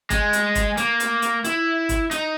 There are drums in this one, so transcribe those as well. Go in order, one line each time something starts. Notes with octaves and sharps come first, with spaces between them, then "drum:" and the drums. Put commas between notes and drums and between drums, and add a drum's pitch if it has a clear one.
G#3, drum: kick G1, hi-hat
drum: hi-hat
drum: kick G1, hi-hat
A#3, drum: hi-hat
drum: hi-hat
drum: hi-hat
E4, drum: hi-hat
drum: kick G1, hi-hat
D#4, drum: hi-hat